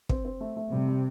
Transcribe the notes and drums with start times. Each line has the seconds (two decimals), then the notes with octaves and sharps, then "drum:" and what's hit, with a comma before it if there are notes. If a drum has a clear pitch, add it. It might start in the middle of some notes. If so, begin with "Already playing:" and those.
0.09 C4, drum: kick
0.25 C4
0.40 A3
0.56 A3
0.72 C3 G3
0.88 G3